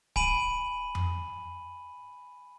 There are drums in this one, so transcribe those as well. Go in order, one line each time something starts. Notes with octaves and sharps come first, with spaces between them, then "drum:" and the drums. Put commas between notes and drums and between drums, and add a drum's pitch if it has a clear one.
G#5 B5 D#7 F#7, drum: kick D1
drum: tom F2